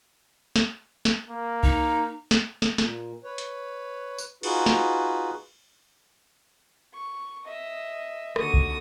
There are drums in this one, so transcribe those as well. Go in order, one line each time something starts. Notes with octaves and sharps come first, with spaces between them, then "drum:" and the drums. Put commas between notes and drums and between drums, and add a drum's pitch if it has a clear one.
drum: snare
drum: snare
A#3
D#4, drum: kick C2
drum: snare
drum: snare
A#2, drum: snare
B4 C#5
drum: hi-hat
drum: tambourine
D#4 F4 F#4 G#4 B4, drum: cymbal
drum: snare
C#6
D#5 E5
D#2 D3 F#4 D#6, drum: rim click
drum: kick C2